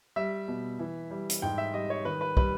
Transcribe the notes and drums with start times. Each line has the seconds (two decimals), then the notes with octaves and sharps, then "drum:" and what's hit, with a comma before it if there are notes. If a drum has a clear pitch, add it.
0.16 G3 E5
0.48 B2
0.79 E3
1.11 G3
1.30 drum: hi-hat
1.42 G#2 G5
1.58 E5
1.73 G3 D#5
1.90 C#5
2.05 D#3 B4
2.21 B4
2.37 G3 B4, drum: kick